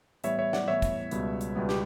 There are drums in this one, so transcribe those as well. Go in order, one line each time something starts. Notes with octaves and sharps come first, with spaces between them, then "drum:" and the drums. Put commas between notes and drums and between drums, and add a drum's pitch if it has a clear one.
A2 E3 G3 B3 C#5 E5, drum: hi-hat
C#5 E5
D5 F#5, drum: snare
A2 E3 G3 B3 C#5 E5
drum: kick, hi-hat
C#2 B2 G3 B3, drum: hi-hat
drum: hi-hat
C#2 B2 G3 B3
G4, drum: snare